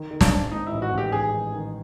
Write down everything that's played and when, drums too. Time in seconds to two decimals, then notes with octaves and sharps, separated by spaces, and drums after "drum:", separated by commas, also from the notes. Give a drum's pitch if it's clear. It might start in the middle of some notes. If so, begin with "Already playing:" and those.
Already playing: D#3
0.11 D#3
0.21 D4, drum: snare
0.31 G#2
0.51 G#2 D#4
0.67 A1 E4
0.82 F#4
0.92 A1
0.98 G4
1.12 A1 G#4
1.33 D#3
1.54 D#3